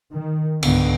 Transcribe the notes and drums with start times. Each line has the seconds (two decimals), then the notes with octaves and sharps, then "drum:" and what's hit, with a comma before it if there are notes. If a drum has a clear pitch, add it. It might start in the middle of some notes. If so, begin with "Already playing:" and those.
0.12 D#3
0.63 C#2 G#2 D3 B3, drum: cymbal